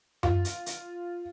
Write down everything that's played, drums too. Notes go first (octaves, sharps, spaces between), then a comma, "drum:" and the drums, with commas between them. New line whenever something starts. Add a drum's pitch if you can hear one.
F4, drum: tom F#2
drum: hi-hat
drum: hi-hat